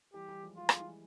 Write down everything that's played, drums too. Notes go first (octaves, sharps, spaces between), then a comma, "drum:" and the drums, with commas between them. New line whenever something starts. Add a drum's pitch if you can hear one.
E3 G3 G4
E3 G3
F3 G#3
G3 F4
G#3, drum: rim click
E3 G3